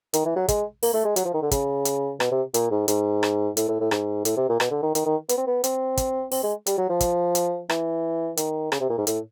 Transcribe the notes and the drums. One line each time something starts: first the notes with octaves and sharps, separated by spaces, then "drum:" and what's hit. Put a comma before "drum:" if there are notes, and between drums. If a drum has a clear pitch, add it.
D#3, drum: hi-hat
E3
F#3
G#3, drum: kick, hi-hat
A#3, drum: open hi-hat
A3
G#3
F#3, drum: hi-hat
F3
D#3
D3
C#3, drum: kick, hi-hat
drum: hi-hat
B2, drum: rim click
C3
A#2, drum: hi-hat
G#2
G#2, drum: hi-hat
drum: rim click
A2, drum: hi-hat
A2
A2
G#2, drum: rim click
A2, drum: hi-hat
C3
A#2
B2, drum: rim click
D3
D#3
D#3, drum: hi-hat
D#3
B3, drum: hi-hat
C4
B3
C4, drum: hi-hat
drum: kick, hi-hat
C4, drum: open hi-hat
G#3
G3, drum: hi-hat
F#3
F3
drum: kick, hi-hat
drum: hi-hat
E3, drum: rim click
D#3, drum: hi-hat
C#3, drum: rim click
C3
A#2
G#2
A2, drum: hi-hat